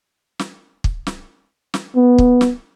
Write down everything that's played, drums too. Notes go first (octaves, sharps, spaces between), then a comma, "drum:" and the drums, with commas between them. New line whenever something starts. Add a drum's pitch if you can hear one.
drum: snare
drum: kick
drum: snare
drum: snare
B3
drum: kick
drum: snare